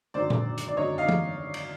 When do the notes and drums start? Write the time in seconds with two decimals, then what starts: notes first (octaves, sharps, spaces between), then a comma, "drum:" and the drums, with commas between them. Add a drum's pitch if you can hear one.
0.14 G#1 F#2 D3 F#3 C5 D5
0.30 drum: tom A#2
0.58 drum: hi-hat
0.68 D5
0.77 G#1 F#2 D3 F#3 C#5 D#5
0.98 D#5 F5
1.09 drum: tom E3
1.54 drum: cymbal